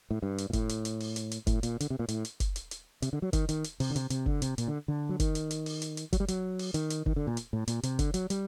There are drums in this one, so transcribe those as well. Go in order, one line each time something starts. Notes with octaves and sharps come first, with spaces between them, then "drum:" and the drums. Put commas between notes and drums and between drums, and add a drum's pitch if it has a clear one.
A2
G2
drum: hi-hat
A#2
A2, drum: kick F#1, hi-hat
drum: hi-hat
drum: hi-hat
drum: open hi-hat
drum: hi-hat
drum: hi-hat
A2, drum: kick F#1, hi-hat
A#2, drum: hi-hat
D3, drum: hi-hat
C3
A#2
A2, drum: hi-hat
drum: hi-hat
drum: kick F#1, hi-hat
drum: hi-hat
drum: hi-hat
C3, drum: hi-hat
D3
F#3
D#3, drum: kick F#1, hi-hat
D#3, drum: hi-hat
drum: hi-hat
C3, drum: open hi-hat
D3
C3, drum: hi-hat
C3, drum: hi-hat
D3, drum: kick F#1
C3, drum: hi-hat
A#2, drum: hi-hat
D3
D3
F#3
D#3, drum: kick F#1, hi-hat
drum: hi-hat
drum: hi-hat
drum: open hi-hat
drum: hi-hat
drum: hi-hat
F#3, drum: kick F#1, hi-hat
G3
F#3, drum: hi-hat
drum: open hi-hat
D#3, drum: hi-hat
drum: hi-hat
D#3, drum: kick F#1
D3
A#2
drum: hi-hat
A2
A#2, drum: hi-hat
C3, drum: hi-hat
D3, drum: kick F#1, hi-hat
F#3, drum: hi-hat
G3, drum: hi-hat